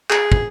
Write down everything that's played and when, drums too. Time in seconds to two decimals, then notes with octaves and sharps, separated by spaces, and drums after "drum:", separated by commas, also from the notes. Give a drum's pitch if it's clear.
0.10 G#4, drum: clap
0.32 drum: kick